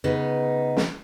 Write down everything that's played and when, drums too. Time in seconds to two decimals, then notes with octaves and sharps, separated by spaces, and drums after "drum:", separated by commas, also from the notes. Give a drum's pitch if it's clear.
0.04 C#3 B3 D#4
0.77 drum: snare